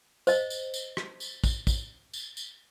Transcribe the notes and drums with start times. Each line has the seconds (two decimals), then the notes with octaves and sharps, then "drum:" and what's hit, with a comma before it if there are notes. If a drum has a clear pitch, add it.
0.27 C5 D#5, drum: tambourine
0.50 drum: tambourine
0.74 drum: tambourine
0.97 drum: rim click
1.20 drum: tambourine
1.44 drum: kick, tambourine
1.67 drum: kick, tambourine
2.13 drum: tambourine
2.37 drum: tambourine